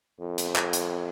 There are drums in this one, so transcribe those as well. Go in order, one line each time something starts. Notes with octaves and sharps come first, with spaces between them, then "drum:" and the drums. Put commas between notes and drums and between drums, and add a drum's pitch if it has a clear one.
F2
drum: hi-hat
drum: clap
drum: hi-hat